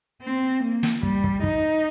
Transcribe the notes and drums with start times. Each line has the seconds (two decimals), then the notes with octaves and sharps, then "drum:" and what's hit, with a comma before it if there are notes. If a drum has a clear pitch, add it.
0.22 C4
0.63 A#3
0.83 drum: snare
1.03 G3, drum: kick
1.24 drum: kick
1.43 D#4, drum: kick